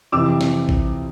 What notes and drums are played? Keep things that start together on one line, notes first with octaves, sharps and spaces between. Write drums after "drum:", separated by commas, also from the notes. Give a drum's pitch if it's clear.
F2 C3 E3 D6 E6
drum: snare
drum: kick A1